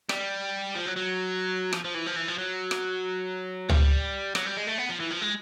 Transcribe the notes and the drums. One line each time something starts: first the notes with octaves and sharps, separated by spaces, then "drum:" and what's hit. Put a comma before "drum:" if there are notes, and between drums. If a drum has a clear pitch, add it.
G3, drum: rim click
F3
F#3
F#3
F3, drum: rim click
F3
E3
F3
E3
F3
F#3
drum: rim click
G3, drum: tom C#2
F#3, drum: rim click
G3
G#3
A3
B3
F3
E3
F3
G#3